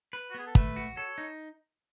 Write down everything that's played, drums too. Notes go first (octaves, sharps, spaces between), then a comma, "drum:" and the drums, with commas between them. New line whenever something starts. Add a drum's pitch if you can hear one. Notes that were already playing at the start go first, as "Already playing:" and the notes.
B4
F#4
B3 G#4
A4
A3 B4, drum: kick
F#4
A4 C#5
D#4